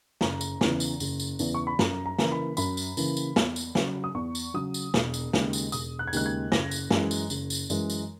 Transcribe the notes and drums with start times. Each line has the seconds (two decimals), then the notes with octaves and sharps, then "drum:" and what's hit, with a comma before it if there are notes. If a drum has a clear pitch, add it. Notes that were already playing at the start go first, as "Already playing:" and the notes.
0.21 F#1 A#5, drum: snare
0.41 drum: tambourine
0.61 E2 C#3 E3, drum: snare
0.80 drum: tambourine
1.00 F#1, drum: tambourine
1.20 drum: tambourine
1.39 E2 C#3 E3, drum: tambourine
1.54 C#6
1.67 B5
1.79 F#2 A#5, drum: snare
2.06 A#5
2.19 C#3 E3 A#3, drum: snare
2.32 B5
2.57 F#2 B5, drum: tambourine
2.77 drum: tambourine
2.97 C#3 E3 A#3, drum: tambourine
3.17 drum: tambourine
3.36 E2, drum: snare
3.56 drum: tambourine
3.75 C#3 F#3, drum: snare
4.04 D#6
4.15 E2 C#6
4.35 drum: tambourine
4.54 C#3 F#3 D#6
4.74 drum: tambourine
4.94 E1, drum: snare
5.14 drum: tambourine
5.33 D#2 C#3 G#3, drum: snare
5.53 drum: tambourine
5.72 E1 D#6, drum: tambourine
5.99 F#6
6.07 G#6
6.13 D#2 C#3 G#3 F#6, drum: tambourine
6.26 G#6
6.52 F#1 A#6, drum: snare
6.71 drum: tambourine
6.90 F#2 E3 G#3, drum: snare
7.11 drum: tambourine
7.30 F#1, drum: tambourine
7.50 drum: tambourine
7.70 F#2 E3 G#3, drum: tambourine
7.90 drum: tambourine